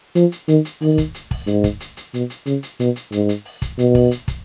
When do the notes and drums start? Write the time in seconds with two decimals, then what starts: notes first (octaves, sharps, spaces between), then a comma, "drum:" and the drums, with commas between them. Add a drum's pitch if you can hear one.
0.15 F3, drum: hi-hat
0.32 drum: hi-hat
0.48 D#3, drum: hi-hat
0.65 drum: hi-hat
0.81 D#3, drum: open hi-hat
0.98 drum: kick, hi-hat
1.14 drum: hi-hat
1.31 drum: kick, open hi-hat
1.47 G#2, drum: hi-hat
1.64 drum: kick, hi-hat
1.80 drum: hi-hat
1.97 drum: hi-hat
2.14 B2, drum: hi-hat
2.30 drum: hi-hat
2.46 C#3, drum: hi-hat
2.63 drum: hi-hat
2.80 B2, drum: hi-hat
2.96 drum: hi-hat
3.12 G#2, drum: hi-hat
3.29 drum: hi-hat
3.45 drum: open hi-hat
3.62 drum: kick, hi-hat
3.79 B2, drum: hi-hat
3.95 drum: kick, open hi-hat
4.11 drum: hi-hat
4.28 drum: kick, hi-hat